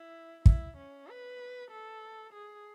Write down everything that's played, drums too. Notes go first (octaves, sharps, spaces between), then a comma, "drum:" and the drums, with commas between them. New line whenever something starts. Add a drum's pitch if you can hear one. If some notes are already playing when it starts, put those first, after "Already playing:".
Already playing: E4
E4, drum: kick
C#4
B4
A4
G#4